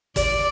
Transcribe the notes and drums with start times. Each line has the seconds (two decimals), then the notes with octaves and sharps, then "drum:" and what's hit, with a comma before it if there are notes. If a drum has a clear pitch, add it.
0.16 D5, drum: kick, hi-hat